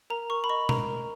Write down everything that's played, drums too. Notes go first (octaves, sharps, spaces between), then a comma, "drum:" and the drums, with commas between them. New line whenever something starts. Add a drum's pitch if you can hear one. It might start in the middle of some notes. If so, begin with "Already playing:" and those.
A#4 A#5
A#4 C#6
B5
D#5 C#6
A#4 A#5, drum: tom B2
A#4